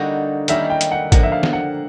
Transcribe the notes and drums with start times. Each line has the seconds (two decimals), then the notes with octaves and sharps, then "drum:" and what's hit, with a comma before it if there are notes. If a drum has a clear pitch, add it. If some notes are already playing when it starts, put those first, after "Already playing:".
Already playing: D3 G3 A#3 D#4 F#4
0.48 D#3 G3 A#3 C#4 E4 E5, drum: hi-hat
0.70 G5
0.81 drum: hi-hat
0.91 F#5
1.12 D3 F3 A#3 F#5, drum: kick A1, hi-hat
1.23 E5
1.32 F5
1.43 drum: snare
1.53 F#5